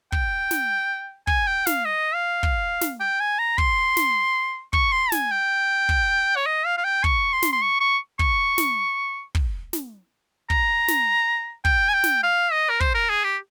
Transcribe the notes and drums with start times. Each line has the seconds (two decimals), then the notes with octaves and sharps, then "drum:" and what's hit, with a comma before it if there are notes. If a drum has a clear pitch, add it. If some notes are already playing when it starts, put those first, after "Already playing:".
0.12 G5, drum: kick
0.51 drum: snare
1.27 G#5, drum: kick
1.47 G5
1.67 F5, drum: snare
1.85 D#5
2.14 F5
2.43 drum: kick
2.81 drum: snare
3.00 G5
3.20 G#5
3.39 A#5
3.58 C6, drum: kick
3.97 drum: snare
4.73 C#6, drum: kick
4.92 C6
5.12 G#5, drum: snare
5.31 G5
5.89 drum: kick
6.36 C#5
6.46 D#5
6.66 F5
6.78 F5
6.85 G5
7.04 C#6, drum: kick
7.33 C6
7.42 drum: snare
7.53 C6
7.62 C#6
7.81 C#6
8.19 C#6, drum: kick
8.58 drum: snare
9.35 drum: kick
9.73 drum: snare
10.50 A#5, drum: kick
10.88 drum: snare
11.65 G5, drum: kick
11.89 G#5
11.94 G5
12.04 drum: snare
12.23 F5
12.52 D#5
12.70 A#4
12.80 C5, drum: kick
12.95 A#4
13.10 G#4
13.24 G4